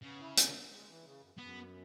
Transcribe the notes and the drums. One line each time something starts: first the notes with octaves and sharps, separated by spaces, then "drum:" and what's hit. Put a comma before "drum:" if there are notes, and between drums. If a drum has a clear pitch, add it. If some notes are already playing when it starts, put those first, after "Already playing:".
C#3 B3
E4
C#4, drum: hi-hat
G#3
E3
C#3
F#2
F#2 B3